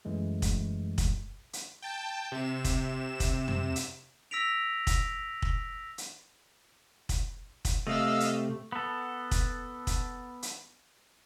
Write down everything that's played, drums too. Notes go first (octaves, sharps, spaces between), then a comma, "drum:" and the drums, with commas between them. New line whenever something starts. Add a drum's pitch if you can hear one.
F#2 E3 G#3 A3
drum: kick, hi-hat
drum: kick, hi-hat
drum: hi-hat
G5 A5
C3 E7
drum: kick, hi-hat
drum: kick, hi-hat
drum: tom
drum: hi-hat
E6 A#6 B6 D7 F7
drum: kick, hi-hat
drum: kick
drum: hi-hat
drum: kick, hi-hat
drum: kick, hi-hat
C3 A3 D#5 F5 E6
drum: hi-hat
B3 A4
drum: kick, hi-hat
drum: kick, hi-hat
drum: hi-hat